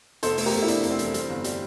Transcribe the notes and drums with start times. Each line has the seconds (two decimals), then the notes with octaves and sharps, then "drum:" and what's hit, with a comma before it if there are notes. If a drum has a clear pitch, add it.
0.23 F1 A4 C5, drum: hi-hat
0.38 A3, drum: open hi-hat
0.46 G4 A#4
0.54 F1
0.62 E4
0.68 F1 D4, drum: hi-hat
0.83 F1, drum: hi-hat
0.91 C4
0.99 E3, drum: hi-hat
1.14 G3, drum: hi-hat
1.29 G1
1.44 G3, drum: hi-hat